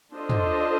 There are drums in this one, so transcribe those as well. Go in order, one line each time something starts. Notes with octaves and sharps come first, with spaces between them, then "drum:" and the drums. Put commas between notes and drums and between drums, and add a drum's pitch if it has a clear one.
D4 F4 A4 C5 D#5
drum: tom